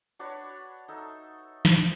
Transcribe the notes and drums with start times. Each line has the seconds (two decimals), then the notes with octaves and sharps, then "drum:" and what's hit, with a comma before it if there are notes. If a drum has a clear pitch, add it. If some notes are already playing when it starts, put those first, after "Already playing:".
0.19 D4 F#4 B4 C#5
0.88 D#4 A4 E5
1.65 C5, drum: snare